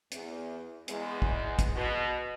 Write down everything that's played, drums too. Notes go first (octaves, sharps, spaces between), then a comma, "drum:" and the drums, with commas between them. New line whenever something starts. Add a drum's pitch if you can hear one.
E2, drum: hi-hat
E2 G#3, drum: hi-hat
drum: kick
drum: kick, hi-hat
B2